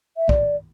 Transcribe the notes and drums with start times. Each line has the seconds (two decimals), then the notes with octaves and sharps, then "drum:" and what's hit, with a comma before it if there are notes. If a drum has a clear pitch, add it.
0.17 E5
0.29 D5, drum: kick